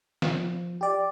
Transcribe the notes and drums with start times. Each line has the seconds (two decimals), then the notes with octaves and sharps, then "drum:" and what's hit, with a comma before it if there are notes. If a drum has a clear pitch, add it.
0.22 F3, drum: snare
0.81 G4 D5